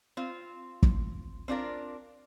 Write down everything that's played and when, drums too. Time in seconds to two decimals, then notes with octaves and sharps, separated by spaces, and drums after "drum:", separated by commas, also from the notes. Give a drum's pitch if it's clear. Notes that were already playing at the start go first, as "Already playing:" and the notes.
0.17 C4 F4
0.83 drum: kick
1.48 C4 D4 F4 A#4